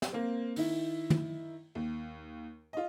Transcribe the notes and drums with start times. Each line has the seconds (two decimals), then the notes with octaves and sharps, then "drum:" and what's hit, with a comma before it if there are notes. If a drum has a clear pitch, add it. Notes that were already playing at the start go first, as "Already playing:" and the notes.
0.02 drum: snare
0.13 A#3 C4
0.56 D#3 E4, drum: open hi-hat
1.10 drum: tom
1.75 D#2
2.73 F4 D#5